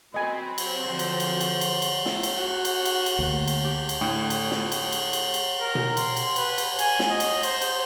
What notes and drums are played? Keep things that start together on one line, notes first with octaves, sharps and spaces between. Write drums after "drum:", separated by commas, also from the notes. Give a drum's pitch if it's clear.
F#3 C4 F#4 D#5 G#5 B5
drum: cymbal
D3 F3 C5
drum: cymbal
drum: cymbal
drum: cymbal
drum: cymbal
drum: cymbal
E4, drum: snare
drum: cymbal
F#4
drum: cymbal
drum: cymbal
drum: cymbal
D2 A#3
drum: cymbal
G4
drum: cymbal
A2 D3 G5
drum: cymbal
drum: snare
drum: cymbal
drum: cymbal
drum: cymbal
drum: cymbal
A#4
drum: tom B2
C6, drum: cymbal
drum: cymbal
B4, drum: cymbal
drum: cymbal
G#5, drum: cymbal
drum: snare
D#5
drum: cymbal
C5, drum: cymbal
drum: cymbal